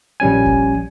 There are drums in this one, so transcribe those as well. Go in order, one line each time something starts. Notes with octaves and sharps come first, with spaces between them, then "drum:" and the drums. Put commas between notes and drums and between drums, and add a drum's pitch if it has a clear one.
A#1 G3 C#4 G#5
drum: kick F1